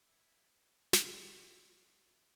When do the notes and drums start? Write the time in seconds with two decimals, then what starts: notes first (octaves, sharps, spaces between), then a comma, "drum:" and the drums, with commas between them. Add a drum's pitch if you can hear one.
0.06 E4
0.93 drum: snare
1.40 E4
2.06 E4